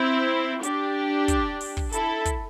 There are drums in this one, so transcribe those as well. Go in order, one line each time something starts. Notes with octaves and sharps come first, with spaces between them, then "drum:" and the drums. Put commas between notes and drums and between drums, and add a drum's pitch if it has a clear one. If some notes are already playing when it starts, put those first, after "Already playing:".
Already playing: C4 E4
D4 G4, drum: hi-hat
drum: kick, hi-hat
drum: open hi-hat
drum: kick
E4 A4, drum: hi-hat
drum: kick, hi-hat